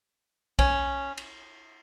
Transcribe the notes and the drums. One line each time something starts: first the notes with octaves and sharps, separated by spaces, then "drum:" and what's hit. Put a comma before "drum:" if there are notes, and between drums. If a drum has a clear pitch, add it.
C#4, drum: kick B1, cymbal
drum: cymbal